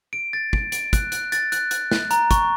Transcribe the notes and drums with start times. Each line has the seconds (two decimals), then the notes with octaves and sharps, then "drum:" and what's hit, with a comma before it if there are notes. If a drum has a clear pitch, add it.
0.13 D7
0.33 A6
0.53 D7, drum: kick
0.72 D7, drum: hi-hat
0.93 F#6, drum: kick, hi-hat
1.12 F#6, drum: hi-hat
1.32 A6, drum: hi-hat
1.52 F#6, drum: hi-hat
1.71 F#6, drum: hi-hat
1.91 F#6, drum: snare
2.11 A#5, drum: hi-hat
2.31 C#6, drum: kick, hi-hat